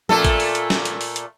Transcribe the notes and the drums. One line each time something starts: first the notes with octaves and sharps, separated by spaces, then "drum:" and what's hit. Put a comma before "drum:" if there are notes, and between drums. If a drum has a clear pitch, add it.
A#2 A3 A4, drum: tom F3
drum: kick A1, hi-hat
drum: open hi-hat
drum: hi-hat
drum: snare
drum: hi-hat
drum: open hi-hat
drum: hi-hat